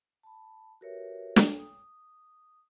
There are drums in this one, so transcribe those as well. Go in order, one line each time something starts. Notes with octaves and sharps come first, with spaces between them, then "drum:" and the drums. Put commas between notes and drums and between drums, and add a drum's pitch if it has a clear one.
A5 B5
F#4 G4 A#4 B4 C#5 E5
drum: snare
D#6